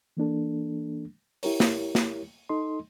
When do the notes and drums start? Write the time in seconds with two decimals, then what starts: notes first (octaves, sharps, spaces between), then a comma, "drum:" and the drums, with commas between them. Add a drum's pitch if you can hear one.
0.17 E3 A#3 D4 A4
1.43 E4 G4 A#4 C#5, drum: open hi-hat
1.60 drum: snare
1.95 drum: snare
2.49 D#4 A4 D#5 C6